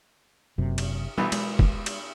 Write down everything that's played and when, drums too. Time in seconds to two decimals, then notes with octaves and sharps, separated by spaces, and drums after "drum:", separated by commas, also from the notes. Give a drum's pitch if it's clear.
0.58 F#1 F#2 C3
0.78 drum: cymbal
1.18 B1 E3 G3 B3
1.32 G#3, drum: cymbal
1.59 drum: kick
1.86 drum: cymbal